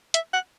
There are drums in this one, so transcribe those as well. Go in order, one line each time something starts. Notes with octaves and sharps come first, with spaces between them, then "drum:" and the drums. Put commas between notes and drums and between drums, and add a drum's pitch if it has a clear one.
E5, drum: hi-hat
F#5